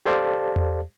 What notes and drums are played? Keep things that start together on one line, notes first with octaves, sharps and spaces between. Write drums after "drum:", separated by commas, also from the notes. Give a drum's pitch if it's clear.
G4 A4 C5 D5 F5 A5
drum: tom E2